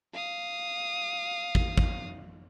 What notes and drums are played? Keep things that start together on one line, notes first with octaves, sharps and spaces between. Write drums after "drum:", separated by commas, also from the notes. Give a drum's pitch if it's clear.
F5 D#6
drum: kick
drum: kick